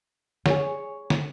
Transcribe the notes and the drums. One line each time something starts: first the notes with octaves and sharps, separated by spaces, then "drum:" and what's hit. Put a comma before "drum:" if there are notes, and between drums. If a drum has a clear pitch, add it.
G#4 C#5, drum: snare
drum: snare